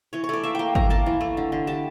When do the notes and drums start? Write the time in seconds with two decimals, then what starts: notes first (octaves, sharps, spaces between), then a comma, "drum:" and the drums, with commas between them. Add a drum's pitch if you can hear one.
0.13 E3 C#5
0.24 C#5
0.29 A3 D5
0.44 A#3 E5
0.55 A#3 G5
0.75 A#3 A#5, drum: kick
0.90 A#3 A5
1.06 E3
1.21 A3
1.37 D3
1.52 D3
1.67 G3 A5